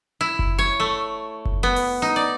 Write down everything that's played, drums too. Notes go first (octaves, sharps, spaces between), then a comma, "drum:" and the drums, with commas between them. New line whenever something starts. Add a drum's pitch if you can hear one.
E4
drum: kick F#1
C#5
A3
drum: kick F#1
B3
drum: open hi-hat
D#4
D5